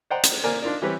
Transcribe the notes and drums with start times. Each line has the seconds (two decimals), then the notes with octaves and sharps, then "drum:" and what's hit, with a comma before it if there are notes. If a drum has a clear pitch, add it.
0.10 C5 D5 D#5 F#5 G5 A#5
0.23 drum: hi-hat
0.44 A#3 A#4 C5 D5 G#5
0.62 D4 D#4 F4 A#4 D5
0.82 E3 G3 C4 G4 B4 C#5